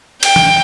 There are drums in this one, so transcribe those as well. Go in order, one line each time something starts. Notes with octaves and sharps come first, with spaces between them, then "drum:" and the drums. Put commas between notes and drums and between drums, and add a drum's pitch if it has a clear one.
G5, drum: cymbal
drum: tom